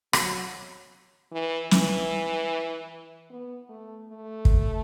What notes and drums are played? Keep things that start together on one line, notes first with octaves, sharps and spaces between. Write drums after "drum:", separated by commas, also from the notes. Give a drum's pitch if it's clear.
F#3, drum: rim click
E3
E3, drum: snare
B3
A3
A3
drum: kick